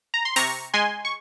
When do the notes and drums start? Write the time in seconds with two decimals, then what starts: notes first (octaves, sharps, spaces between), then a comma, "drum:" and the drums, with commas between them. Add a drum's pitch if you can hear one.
0.14 A#5
0.25 C6
0.36 C3 A#5 C#6, drum: open hi-hat
0.74 G#3 G#5 C6
1.05 C#6